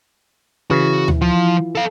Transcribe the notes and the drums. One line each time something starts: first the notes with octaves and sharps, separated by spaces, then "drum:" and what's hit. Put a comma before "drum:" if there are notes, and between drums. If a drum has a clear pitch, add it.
C#3 E3 F#4
drum: tom D2
F3 F4
A4 F5